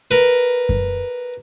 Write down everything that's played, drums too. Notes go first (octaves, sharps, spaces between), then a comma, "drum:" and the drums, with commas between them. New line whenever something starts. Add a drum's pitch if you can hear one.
A#4 B4
drum: kick F#2